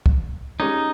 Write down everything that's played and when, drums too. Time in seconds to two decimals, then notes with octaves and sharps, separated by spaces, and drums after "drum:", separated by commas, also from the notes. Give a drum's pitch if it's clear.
0.06 drum: kick
0.60 G#3 C#4 D#4 G4